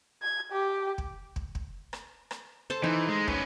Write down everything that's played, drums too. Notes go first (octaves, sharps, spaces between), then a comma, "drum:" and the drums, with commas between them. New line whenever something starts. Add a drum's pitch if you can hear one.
G#6
G4
drum: kick
drum: kick
drum: kick
drum: rim click
drum: rim click
A4 C5 A5
E3 D#4
G#3
C#4 B4, drum: kick